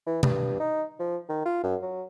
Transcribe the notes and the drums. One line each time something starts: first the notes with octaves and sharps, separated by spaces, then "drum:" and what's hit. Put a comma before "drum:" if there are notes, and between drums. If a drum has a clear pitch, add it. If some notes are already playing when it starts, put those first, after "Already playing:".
E3
G2, drum: tom B2
D#4
F3
D#3
F4
F#2
F#3